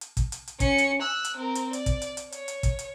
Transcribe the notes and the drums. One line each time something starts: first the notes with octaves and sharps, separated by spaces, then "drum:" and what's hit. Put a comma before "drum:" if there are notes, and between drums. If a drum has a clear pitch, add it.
drum: hi-hat
drum: kick, hi-hat
drum: hi-hat
drum: hi-hat
C#4 C#7, drum: kick, hi-hat
drum: hi-hat
E6 F#6
drum: hi-hat
C4 A#4
drum: hi-hat
D5, drum: hi-hat
drum: kick, hi-hat
drum: hi-hat
drum: hi-hat
C#5, drum: hi-hat
drum: hi-hat
drum: kick, hi-hat
drum: hi-hat